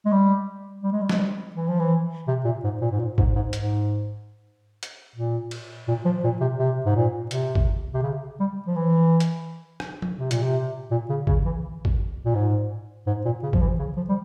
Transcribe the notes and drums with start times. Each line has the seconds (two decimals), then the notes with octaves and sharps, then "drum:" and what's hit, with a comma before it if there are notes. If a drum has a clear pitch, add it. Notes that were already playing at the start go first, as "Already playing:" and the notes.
0.06 G#3
0.12 G3
0.83 G3
0.92 G#3
1.01 G3
1.09 G#3, drum: snare
1.17 G3
1.56 E3
1.68 F3
1.79 E3
2.28 C3
2.45 A#2
2.64 G#2
2.82 A#2
2.91 G#2
2.99 A#2
3.18 G#2, drum: kick
3.35 G#2
3.53 G#2, drum: hi-hat
4.83 drum: hi-hat
5.15 A#2
5.51 drum: cymbal
5.88 A#2
6.05 F3
6.24 A#2
6.41 C3
6.59 C3
6.86 G#2
6.96 A#2
7.31 C3, drum: hi-hat
7.55 drum: kick
7.94 C3
8.03 C#3
8.40 G3
8.67 F3
8.76 E3
9.20 drum: hi-hat
9.80 drum: rim click
10.02 drum: tom F3
10.18 C3
10.31 A#2, drum: hi-hat
10.43 C3
10.91 A#2
11.09 C#3
11.27 C#3, drum: kick
11.46 E3
11.85 drum: kick
12.25 A#2
12.35 G#2
13.07 G#2
13.25 A#2
13.43 C#3
13.53 F3, drum: kick
13.61 E3
13.79 C#3
13.96 F3
14.09 G3